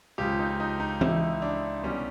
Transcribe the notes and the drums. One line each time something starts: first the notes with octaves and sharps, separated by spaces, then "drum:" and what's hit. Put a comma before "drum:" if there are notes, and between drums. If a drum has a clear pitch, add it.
C#2 C#3 F3 G4
D#4
D#4
D#4
E4, drum: tom E3
D4
C2 B2 G3 C#4